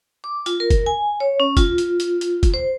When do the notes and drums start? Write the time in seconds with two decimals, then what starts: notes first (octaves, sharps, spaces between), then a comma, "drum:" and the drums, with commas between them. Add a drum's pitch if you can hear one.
0.24 D6
0.46 F4, drum: hi-hat
0.60 A#4
0.70 drum: kick, hi-hat
0.86 G#5
1.20 C#5
1.40 C#4
1.57 F4, drum: kick, hi-hat
1.78 drum: hi-hat
2.00 drum: hi-hat
2.21 drum: hi-hat
2.43 drum: kick, hi-hat
2.54 C5